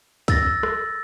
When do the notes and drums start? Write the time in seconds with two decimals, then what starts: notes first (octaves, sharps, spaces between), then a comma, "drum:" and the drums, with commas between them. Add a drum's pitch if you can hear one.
0.28 E6 A6 A#6, drum: kick, hi-hat
0.63 drum: rim click